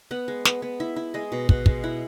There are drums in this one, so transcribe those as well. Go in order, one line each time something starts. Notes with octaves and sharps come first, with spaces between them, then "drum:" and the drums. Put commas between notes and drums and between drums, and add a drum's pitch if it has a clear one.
B3 F#5
G#3
B3, drum: snare
B3
E4 E5
E4
G#3 D#5
B2
B2 F#5, drum: kick
G#3, drum: kick
E4 F#5